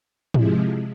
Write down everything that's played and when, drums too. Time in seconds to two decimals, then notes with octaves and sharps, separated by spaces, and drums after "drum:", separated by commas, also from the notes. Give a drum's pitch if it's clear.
0.34 C3 F3 G#3 E4, drum: tom